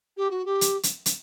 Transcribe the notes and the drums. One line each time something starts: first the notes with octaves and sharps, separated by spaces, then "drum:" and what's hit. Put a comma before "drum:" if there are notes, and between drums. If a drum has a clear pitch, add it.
G4
F#4
G4
drum: hi-hat
drum: hi-hat
drum: hi-hat